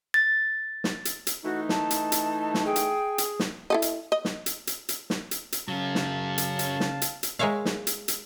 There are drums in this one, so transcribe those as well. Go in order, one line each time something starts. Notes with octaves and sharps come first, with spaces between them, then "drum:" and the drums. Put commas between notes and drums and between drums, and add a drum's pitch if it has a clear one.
A6
drum: snare
drum: hi-hat
drum: hi-hat
E3 A3 D#4 F#4
A5, drum: snare
drum: hi-hat
drum: hi-hat
drum: snare
G#4 G5
drum: hi-hat
drum: hi-hat
drum: snare
E4 A4 D#5
drum: hi-hat
D#5
drum: snare
drum: hi-hat
drum: hi-hat
drum: hi-hat
drum: snare
drum: hi-hat
drum: hi-hat
C#3 F#3 C#4 F5 A5
drum: snare
drum: hi-hat
drum: hi-hat
drum: snare
drum: hi-hat
drum: hi-hat
G#3 A#4 C#5 E5 F5
drum: snare
drum: hi-hat
drum: hi-hat